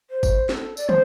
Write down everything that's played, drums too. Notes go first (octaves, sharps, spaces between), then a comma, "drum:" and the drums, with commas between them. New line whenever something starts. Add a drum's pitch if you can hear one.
C5
drum: kick G1, tambourine
A#4, drum: snare
A4
D5, drum: tambourine
C5, drum: tom